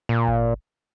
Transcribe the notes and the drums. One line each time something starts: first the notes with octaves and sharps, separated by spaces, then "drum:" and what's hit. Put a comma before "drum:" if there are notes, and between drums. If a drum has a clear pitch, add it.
A#2
drum: kick G#1